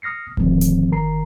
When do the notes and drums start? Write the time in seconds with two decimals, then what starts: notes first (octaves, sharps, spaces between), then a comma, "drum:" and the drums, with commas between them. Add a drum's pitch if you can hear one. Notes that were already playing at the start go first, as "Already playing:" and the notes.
0.02 D#6 F6 A#6 C7 C#7
0.37 G#2 D3 D#3 F3 A3 C4, drum: kick D#1
0.61 drum: hi-hat
0.91 G1 D#3 A#4 A#5 C7